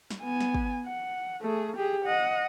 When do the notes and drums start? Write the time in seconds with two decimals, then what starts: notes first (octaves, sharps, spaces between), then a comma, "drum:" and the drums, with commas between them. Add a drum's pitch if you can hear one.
0.11 drum: snare
0.23 B3 G#5
0.40 drum: snare
0.54 drum: kick
0.86 F#5
1.41 A3 G#4
1.76 G4 G#4
2.06 D#5 F#5